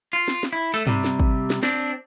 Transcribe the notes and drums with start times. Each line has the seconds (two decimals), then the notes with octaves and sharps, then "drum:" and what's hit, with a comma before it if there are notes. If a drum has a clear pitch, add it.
0.13 F4
0.28 drum: snare
0.43 drum: snare
0.53 E4
0.74 A3 A4
0.87 C3 G3, drum: tom G2
1.04 drum: snare
1.20 drum: kick
1.50 drum: snare
1.63 C4 D4, drum: snare